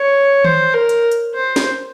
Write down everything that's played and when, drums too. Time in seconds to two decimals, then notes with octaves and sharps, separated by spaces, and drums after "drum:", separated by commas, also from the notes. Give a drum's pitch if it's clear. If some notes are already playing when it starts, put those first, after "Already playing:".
Already playing: C#5
0.44 C5, drum: tom D#3
0.74 A#4
0.89 drum: hi-hat
1.11 drum: hi-hat
1.34 C5
1.56 drum: snare